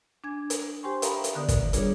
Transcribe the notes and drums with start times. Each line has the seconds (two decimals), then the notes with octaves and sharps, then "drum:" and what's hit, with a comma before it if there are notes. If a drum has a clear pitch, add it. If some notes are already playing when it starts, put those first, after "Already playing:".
0.24 D4 G#5 G#6
0.50 drum: hi-hat
0.83 G4 C5 G5 G#5 C6 C#6
1.02 E5 F5 G5 A#5 B5 D#6, drum: hi-hat
1.24 drum: hi-hat
1.35 D3 D#3 B3 D5 D#6
1.48 drum: kick, hi-hat
1.73 G3 D4 F4 G#4 C#5, drum: hi-hat